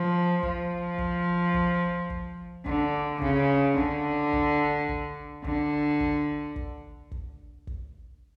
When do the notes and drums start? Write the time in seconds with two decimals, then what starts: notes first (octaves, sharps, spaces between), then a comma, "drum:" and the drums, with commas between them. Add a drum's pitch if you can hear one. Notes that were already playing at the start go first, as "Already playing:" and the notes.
Already playing: F3
0.43 F3, drum: kick
0.98 drum: kick
1.54 drum: kick
2.10 drum: kick
2.66 D3, drum: kick
3.21 C#3, drum: kick
3.77 D3, drum: kick
4.33 drum: kick
4.89 drum: kick
5.44 D3, drum: kick
6.00 drum: kick
6.56 drum: kick
7.12 drum: kick
7.67 drum: kick